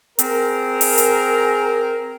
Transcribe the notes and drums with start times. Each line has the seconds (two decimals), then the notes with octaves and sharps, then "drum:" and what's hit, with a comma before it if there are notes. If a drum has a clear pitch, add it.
0.19 C4 G#4 A#4, drum: hi-hat
0.81 drum: open hi-hat
0.98 drum: hi-hat